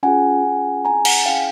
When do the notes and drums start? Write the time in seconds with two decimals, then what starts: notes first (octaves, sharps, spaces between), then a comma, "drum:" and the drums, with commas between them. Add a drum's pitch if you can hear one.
0.03 C#4 F4 G#4 F#5 G#5
0.44 C#4 F4 G#4
0.85 C4 E4 G#4 G#5 A#5
1.05 F#5 G#5, drum: cymbal
1.25 C#4 E4 G#4 F5 G5